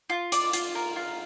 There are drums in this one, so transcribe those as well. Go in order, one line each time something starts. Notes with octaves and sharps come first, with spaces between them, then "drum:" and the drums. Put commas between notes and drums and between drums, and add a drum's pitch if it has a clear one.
F4
D5, drum: hi-hat
F4, drum: hi-hat
A#4
F4